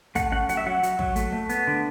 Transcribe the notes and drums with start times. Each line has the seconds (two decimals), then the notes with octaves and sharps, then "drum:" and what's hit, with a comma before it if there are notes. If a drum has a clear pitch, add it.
0.15 A3 F#5, drum: kick, hi-hat
0.32 C#4 F#5
0.49 F#3 F#5, drum: hi-hat
0.57 E5
0.66 F#3 F#5
0.83 F#3, drum: hi-hat
0.99 F#3, drum: kick
1.16 A3, drum: hi-hat
1.32 A3
1.49 B3, drum: hi-hat
1.67 D3